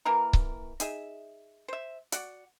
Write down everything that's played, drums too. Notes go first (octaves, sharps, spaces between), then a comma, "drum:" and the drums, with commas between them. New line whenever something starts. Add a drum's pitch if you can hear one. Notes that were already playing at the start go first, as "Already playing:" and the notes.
E3 A#3 A#4 A#5
drum: kick C#1
D#4 G#4 E5, drum: hi-hat
C5 E5
F#4 D5 F#5, drum: hi-hat